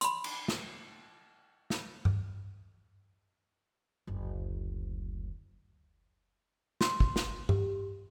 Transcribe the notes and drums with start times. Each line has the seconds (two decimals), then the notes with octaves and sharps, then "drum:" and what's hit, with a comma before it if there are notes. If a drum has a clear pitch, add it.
0.01 B5 C6, drum: hi-hat
0.24 drum: cymbal
0.48 drum: snare
1.70 drum: snare
2.05 drum: tom G2
4.07 F#1 D2
6.81 C6, drum: snare
7.00 drum: kick
7.16 drum: snare
7.49 G4, drum: tom G2